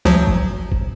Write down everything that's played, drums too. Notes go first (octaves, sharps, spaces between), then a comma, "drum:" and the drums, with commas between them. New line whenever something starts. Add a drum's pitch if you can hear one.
D2 F3 F#3
drum: kick
drum: kick